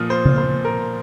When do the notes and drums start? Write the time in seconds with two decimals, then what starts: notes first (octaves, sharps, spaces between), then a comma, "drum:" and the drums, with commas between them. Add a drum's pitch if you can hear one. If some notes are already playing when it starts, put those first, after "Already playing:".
Already playing: A#2 F3 D#6 F6
0.10 C5
0.25 drum: tom C#3
0.38 C5
0.65 A#4